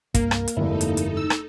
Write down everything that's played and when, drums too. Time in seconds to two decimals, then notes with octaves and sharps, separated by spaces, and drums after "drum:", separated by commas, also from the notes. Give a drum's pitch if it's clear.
0.14 C2 G2 A#3 A#4, drum: kick, hi-hat
0.31 drum: rim click
0.48 drum: hi-hat
0.57 F1 G2 D3 G#3 D#4 E4 A4
0.81 drum: hi-hat
0.97 drum: hi-hat
1.17 E6
1.30 drum: rim click